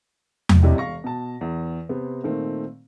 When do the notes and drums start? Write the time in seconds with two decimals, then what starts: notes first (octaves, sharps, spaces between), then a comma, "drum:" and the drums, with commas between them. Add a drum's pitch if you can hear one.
0.49 drum: tom E2
0.62 G1 C3 E4 D5 D#5 G5
0.78 E1 F5 C#6 A#6
1.04 B2 A5
1.41 E2
1.89 C3 B3 C4
2.23 A#2 D#3 A3 C4